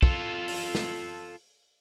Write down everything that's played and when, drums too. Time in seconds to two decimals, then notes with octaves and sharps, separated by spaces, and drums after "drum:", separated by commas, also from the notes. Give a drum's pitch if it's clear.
0.03 F4 A4, drum: kick
0.48 drum: open hi-hat
0.75 drum: snare